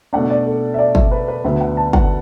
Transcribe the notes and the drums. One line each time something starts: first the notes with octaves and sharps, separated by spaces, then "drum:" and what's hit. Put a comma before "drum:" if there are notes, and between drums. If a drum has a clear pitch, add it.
B2 A3 D4 F#5
D5
A4
E5
D5
E5, drum: kick
B4
B4
D2 D3 B3 E5
F#5
A5
F#5, drum: kick